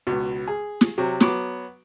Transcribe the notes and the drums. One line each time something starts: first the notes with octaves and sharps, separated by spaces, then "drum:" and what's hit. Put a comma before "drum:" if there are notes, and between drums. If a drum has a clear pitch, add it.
C#2 B2
G#4
drum: snare
C3 F#3
F#3 B3 D6, drum: snare